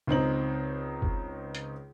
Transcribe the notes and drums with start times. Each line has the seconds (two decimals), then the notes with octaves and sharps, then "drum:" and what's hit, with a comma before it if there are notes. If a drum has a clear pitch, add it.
0.07 C#2 C4 D#4 F#7
1.02 drum: kick F#1
1.55 drum: hi-hat